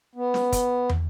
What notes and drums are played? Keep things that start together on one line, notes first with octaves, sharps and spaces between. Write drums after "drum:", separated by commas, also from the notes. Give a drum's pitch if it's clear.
B3
drum: snare
drum: kick, hi-hat
drum: tom